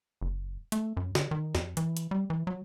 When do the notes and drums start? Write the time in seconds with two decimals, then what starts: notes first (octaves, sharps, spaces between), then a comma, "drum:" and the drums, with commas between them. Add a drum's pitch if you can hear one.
0.21 F#1
0.72 A3, drum: hi-hat
0.97 F#2
1.15 D3, drum: snare
1.31 D#3
1.55 F2, drum: snare
1.77 E3, drum: hi-hat
1.97 drum: hi-hat
2.11 G3
2.30 E3
2.47 F#3